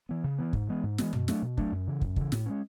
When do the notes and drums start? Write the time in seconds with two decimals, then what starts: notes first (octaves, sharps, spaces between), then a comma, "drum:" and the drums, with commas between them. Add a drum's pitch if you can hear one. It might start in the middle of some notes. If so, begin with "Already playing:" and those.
0.09 E3 B3
0.24 C#3
0.39 E3 B3
0.53 G#2, drum: kick
0.68 E3 G#3 B3
0.83 G#2
0.98 E3 G#3 B3, drum: snare
1.13 B2, drum: tom F#2
1.28 F#3 A3 D4, drum: snare
1.42 B2
1.57 F#3 A3 D4, drum: kick
1.72 F#2
1.87 C#3 E3
2.01 F#2, drum: kick
2.16 C#3 E3, drum: kick
2.32 A2, drum: snare
2.46 G#3 C#4